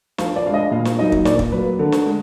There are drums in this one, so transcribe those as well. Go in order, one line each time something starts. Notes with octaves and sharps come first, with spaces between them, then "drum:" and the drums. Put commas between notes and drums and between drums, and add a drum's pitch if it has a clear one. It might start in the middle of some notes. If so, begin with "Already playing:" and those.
F3 F5, drum: snare
D5
G#3 D4 F5
D#5
A#2 F5
drum: snare
F#3 A#3 D#4 D#5
drum: kick
A#2 D5, drum: snare
drum: kick
F#3 A#3 B4
D3
drum: snare
G#3